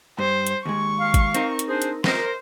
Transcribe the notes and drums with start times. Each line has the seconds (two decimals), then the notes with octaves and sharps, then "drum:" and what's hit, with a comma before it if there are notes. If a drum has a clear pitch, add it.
0.19 G2 C5
0.47 drum: hi-hat
0.66 D#2 G#3 C#6
1.00 F5
1.14 drum: kick G#1, hi-hat
1.34 C4 D#4 A#4, drum: hi-hat
1.59 drum: hi-hat
1.68 D4 G#4 C5
1.82 drum: hi-hat
2.04 A#4 C5 D#5 C6, drum: snare